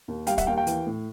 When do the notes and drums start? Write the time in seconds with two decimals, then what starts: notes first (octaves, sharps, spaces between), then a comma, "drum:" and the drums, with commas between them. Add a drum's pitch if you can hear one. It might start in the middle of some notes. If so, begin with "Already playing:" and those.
0.08 D#2
0.27 G3 F5 G5, drum: hi-hat
0.38 E5 F#5, drum: kick, hi-hat
0.46 D#2 F5 G5
0.57 F5 G5
0.67 E3, drum: hi-hat
0.87 A2